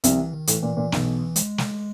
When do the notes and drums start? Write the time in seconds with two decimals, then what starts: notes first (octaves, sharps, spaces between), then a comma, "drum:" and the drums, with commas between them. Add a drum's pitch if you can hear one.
0.04 C2 C3 F3, drum: hi-hat
0.19 E3
0.33 D#3
0.47 A2 E3, drum: hi-hat
0.63 A#2
0.77 A#2
0.92 B1 B2, drum: snare
1.36 G#3, drum: hi-hat
1.58 drum: snare